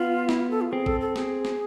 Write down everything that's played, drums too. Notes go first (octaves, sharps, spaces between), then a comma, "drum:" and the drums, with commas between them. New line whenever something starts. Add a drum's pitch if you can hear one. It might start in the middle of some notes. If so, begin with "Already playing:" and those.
Already playing: B3 F4
E4, drum: snare
F4
A4
F4
C4 G#4
A4, drum: kick A1
A4
G#4, drum: snare
drum: snare